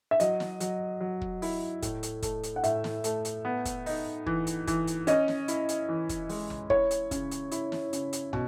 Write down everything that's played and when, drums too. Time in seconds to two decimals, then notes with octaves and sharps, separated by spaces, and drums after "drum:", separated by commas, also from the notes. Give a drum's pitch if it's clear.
0.11 E5
0.20 F#3 D#5, drum: hi-hat
0.40 drum: snare
0.60 F#3, drum: hi-hat
1.00 F#3
1.21 drum: kick
1.42 E4, drum: open hi-hat
1.82 A2, drum: kick, hi-hat
2.03 drum: hi-hat
2.22 A3, drum: kick, hi-hat
2.43 drum: hi-hat
2.56 F#5
2.64 A2 E5, drum: hi-hat
2.84 drum: snare
3.04 A3, drum: hi-hat
3.25 drum: hi-hat
3.45 B3
3.65 drum: kick, hi-hat
3.86 D#4, drum: open hi-hat
4.26 E3, drum: kick
4.47 drum: hi-hat
4.67 E3, drum: kick, hi-hat
4.87 drum: hi-hat
5.07 C#4 D#5, drum: hi-hat
5.28 drum: snare
5.48 E4, drum: hi-hat
5.69 drum: hi-hat
5.88 E3
6.09 drum: kick, hi-hat
6.29 G#3, drum: open hi-hat
6.50 drum: tom
6.70 E4 C#5, drum: kick
6.91 drum: hi-hat
7.11 C#3, drum: kick, hi-hat
7.31 drum: hi-hat
7.51 E4, drum: hi-hat
7.72 drum: snare
7.93 C#3, drum: hi-hat
8.13 drum: hi-hat
8.33 B2, drum: tom